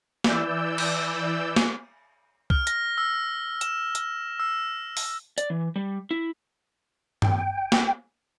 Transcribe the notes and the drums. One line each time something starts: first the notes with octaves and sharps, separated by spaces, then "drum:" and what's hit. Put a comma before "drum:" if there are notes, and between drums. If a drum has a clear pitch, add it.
E3 D5 E6 G6, drum: snare
drum: cymbal
drum: snare
F6, drum: kick C2
A#6, drum: hi-hat
E6
E7, drum: hi-hat
drum: hi-hat
E6
drum: open hi-hat
D5, drum: hi-hat
E3
G3
E4
G5, drum: tom G2
drum: snare